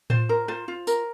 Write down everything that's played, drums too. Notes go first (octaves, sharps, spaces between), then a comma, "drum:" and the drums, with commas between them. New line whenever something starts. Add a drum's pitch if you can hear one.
F4 C5, drum: tom A2
A#4
F4 C5, drum: rim click
F4
A#4, drum: tambourine